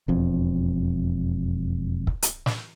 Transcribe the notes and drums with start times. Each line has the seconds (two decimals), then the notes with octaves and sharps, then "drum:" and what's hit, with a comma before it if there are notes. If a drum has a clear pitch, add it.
0.08 E1 F2
2.07 drum: kick
2.22 drum: hi-hat
2.46 drum: snare